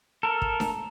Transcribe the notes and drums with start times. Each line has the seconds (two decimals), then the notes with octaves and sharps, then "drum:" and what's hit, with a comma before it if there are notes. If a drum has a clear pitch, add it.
0.23 A4 A#4
0.42 drum: kick
0.60 drum: snare D4